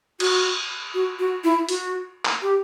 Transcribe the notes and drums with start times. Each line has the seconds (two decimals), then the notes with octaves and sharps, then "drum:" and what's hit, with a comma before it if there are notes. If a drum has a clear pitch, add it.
0.20 F#4, drum: cymbal
0.94 F#4
1.19 F#4
1.44 E4
1.69 F#4, drum: hi-hat
2.25 drum: clap
2.42 G4